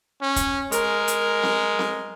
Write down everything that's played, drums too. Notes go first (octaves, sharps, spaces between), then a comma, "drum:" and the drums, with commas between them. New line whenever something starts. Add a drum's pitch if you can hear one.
C#4
drum: kick, hi-hat
G#3 A#4, drum: hi-hat
drum: hi-hat
drum: snare C4
drum: snare C4